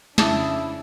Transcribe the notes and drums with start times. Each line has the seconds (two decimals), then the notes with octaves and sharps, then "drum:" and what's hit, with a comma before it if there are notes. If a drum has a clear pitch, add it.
0.18 F2 C#3 D4 E4 A5 D6 D#6, drum: snare